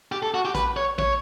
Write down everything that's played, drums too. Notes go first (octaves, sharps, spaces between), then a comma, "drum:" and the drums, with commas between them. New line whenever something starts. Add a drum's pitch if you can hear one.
G4
A4
F#4
G4
B4, drum: kick, hi-hat
C#5
C#5, drum: kick